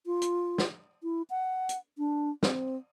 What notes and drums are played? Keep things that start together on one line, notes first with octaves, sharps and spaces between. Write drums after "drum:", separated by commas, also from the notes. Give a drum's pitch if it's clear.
F4
drum: hi-hat
drum: snare
E4
F#5
drum: hi-hat
D4
C4, drum: snare